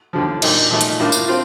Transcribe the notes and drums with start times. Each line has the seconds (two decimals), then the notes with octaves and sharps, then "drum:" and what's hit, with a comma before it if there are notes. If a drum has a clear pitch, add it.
0.13 D#2 D3 F3
0.42 A#2 G3 A#3 D#4, drum: cymbal
0.71 A#2 F3 A3 D#4
0.81 drum: hi-hat
0.99 A2 G3 A#3 D4 F4
1.12 drum: tambourine
1.28 C4 F4